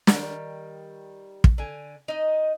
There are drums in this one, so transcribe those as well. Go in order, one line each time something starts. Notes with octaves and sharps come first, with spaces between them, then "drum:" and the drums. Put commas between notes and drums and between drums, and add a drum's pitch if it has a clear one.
D#3 G3, drum: snare
drum: kick
D3 G#5
D#4 D#5